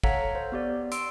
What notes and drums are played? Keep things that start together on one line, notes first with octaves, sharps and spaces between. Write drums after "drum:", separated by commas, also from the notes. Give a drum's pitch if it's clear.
A4 C#5 F5 F#5 A#5 B6, drum: kick
C5
B3 G4 D5
C6 E6 D7, drum: hi-hat